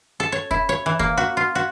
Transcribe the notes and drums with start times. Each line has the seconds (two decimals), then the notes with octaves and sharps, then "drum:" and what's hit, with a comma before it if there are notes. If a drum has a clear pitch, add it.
0.20 A4
0.32 C#5
0.51 E4, drum: kick
0.69 C#5
0.86 E3
0.99 A#3, drum: kick
1.17 F#4
1.37 F4
1.55 F#4